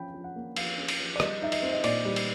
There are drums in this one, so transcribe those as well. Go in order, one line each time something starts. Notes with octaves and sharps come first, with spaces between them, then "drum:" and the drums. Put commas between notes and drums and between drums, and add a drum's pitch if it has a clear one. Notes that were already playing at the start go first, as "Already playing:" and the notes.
Already playing: F3 C#4 G5 B5
F3
F#5
A#3
F3 F5, drum: cymbal
C#4
drum: cymbal
F3
D5
G3 D#5, drum: rim click
D#4 E5
D#5, drum: cymbal
C4
D#5
A#2 D5, drum: cymbal
G3
drum: cymbal